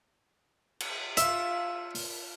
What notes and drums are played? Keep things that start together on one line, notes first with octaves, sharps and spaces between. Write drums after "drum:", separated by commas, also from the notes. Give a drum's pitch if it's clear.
drum: cymbal
F4 E5 F5, drum: hi-hat
drum: open hi-hat